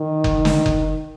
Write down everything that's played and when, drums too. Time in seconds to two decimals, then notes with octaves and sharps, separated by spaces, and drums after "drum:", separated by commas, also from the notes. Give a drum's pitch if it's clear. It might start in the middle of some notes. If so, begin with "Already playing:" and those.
Already playing: D#3
0.24 drum: kick F#1
0.45 drum: snare
0.66 drum: kick F#1